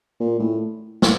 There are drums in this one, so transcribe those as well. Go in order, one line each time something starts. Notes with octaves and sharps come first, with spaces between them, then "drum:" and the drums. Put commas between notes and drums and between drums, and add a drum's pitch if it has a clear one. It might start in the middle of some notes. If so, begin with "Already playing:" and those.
A#2
A2
drum: snare